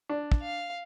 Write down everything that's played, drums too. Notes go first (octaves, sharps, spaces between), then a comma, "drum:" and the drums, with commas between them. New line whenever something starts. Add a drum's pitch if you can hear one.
D4
drum: kick
F5